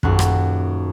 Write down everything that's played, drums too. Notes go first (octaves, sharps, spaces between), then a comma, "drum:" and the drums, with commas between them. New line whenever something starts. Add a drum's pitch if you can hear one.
D#1 F#2 F#6, drum: kick
drum: rim click